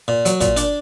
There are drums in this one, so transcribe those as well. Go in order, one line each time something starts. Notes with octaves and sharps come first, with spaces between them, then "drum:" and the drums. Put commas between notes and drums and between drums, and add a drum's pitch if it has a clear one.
A#2
F#3, drum: hi-hat
A#2, drum: kick, hi-hat
D4, drum: hi-hat